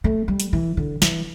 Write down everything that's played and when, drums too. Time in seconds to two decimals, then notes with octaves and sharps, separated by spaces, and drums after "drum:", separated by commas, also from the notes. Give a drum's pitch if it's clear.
0.04 A3
0.28 G3
0.40 drum: hi-hat
0.53 E3
0.77 D3
1.02 E3, drum: snare